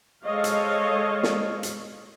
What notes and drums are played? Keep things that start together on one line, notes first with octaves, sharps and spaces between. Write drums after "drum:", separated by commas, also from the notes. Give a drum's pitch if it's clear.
G#3 A4 C5 C#5 D#5 F5
drum: hi-hat
drum: snare
drum: hi-hat